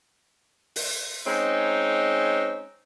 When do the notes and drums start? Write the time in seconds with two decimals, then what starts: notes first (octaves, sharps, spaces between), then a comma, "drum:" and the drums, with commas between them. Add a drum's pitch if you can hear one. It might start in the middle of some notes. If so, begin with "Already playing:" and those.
0.76 drum: open hi-hat
1.26 G#3 C4 C#4 D#4